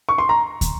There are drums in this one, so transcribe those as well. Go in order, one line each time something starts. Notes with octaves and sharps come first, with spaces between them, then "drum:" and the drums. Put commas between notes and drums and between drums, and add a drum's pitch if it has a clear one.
C#6
C6
A#5
drum: kick, hi-hat